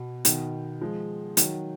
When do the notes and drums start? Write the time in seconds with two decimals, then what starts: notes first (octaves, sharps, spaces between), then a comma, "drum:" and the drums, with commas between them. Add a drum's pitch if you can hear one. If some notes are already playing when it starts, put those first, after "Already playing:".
Already playing: B2
0.25 B2 D#3, drum: hi-hat
0.81 F3 G#3
1.37 D#3 F#3, drum: hi-hat